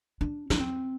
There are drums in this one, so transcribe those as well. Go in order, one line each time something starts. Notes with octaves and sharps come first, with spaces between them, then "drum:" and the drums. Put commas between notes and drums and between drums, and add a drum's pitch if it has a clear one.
D4
D4, drum: snare
C4